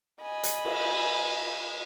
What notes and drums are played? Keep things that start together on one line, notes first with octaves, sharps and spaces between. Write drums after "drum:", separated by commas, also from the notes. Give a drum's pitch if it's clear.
D#5 G#5 B5
drum: hi-hat
drum: cymbal